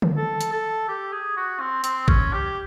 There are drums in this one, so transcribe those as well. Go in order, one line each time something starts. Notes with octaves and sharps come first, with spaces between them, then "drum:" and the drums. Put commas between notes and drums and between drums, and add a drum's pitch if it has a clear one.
drum: tom D3
A4
drum: hi-hat
A4
G4
G#4
F#4
C4
C4, drum: hi-hat
C#4, drum: kick
G4